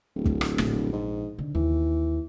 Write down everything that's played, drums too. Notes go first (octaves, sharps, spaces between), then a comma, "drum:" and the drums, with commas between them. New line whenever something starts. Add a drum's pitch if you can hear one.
D1
drum: kick
drum: rim click
A#1, drum: snare
G#2
D3
D#2 E3